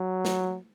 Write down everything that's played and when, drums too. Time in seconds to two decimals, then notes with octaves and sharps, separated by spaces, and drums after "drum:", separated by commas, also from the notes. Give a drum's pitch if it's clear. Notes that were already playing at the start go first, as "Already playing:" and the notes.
Already playing: F#3
0.25 drum: snare